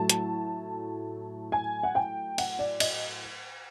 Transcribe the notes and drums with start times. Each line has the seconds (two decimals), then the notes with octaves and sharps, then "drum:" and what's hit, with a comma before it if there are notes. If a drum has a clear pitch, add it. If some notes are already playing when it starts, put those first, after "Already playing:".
Already playing: A2 F#3 A3 A5
0.10 drum: hi-hat
1.52 G#5
1.83 F#5
1.95 G5
2.38 F#5, drum: cymbal
2.59 D5
2.80 D#5, drum: cymbal